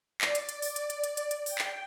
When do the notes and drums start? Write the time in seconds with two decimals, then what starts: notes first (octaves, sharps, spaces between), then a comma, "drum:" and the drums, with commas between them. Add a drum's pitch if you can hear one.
0.21 D5, drum: clap
0.35 drum: hi-hat
0.49 drum: hi-hat
0.62 drum: open hi-hat
0.76 drum: hi-hat
0.90 drum: hi-hat
1.04 drum: hi-hat
1.17 drum: hi-hat
1.31 drum: hi-hat
1.46 G5, drum: open hi-hat
1.58 drum: clap